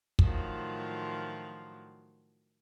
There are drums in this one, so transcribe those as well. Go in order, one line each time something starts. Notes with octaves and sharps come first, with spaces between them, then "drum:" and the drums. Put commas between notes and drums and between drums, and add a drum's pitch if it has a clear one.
A2 D#3 F3 F#3 F4, drum: kick